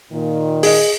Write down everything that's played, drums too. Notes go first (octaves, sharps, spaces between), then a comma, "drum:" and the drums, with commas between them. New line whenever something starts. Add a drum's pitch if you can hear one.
A#2 D#3
G#4 D#5, drum: open hi-hat